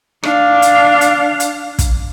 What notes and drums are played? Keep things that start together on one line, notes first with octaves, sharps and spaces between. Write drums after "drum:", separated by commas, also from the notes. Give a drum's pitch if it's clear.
D4 F5, drum: rim click
drum: hi-hat
drum: hi-hat
drum: hi-hat
drum: kick, hi-hat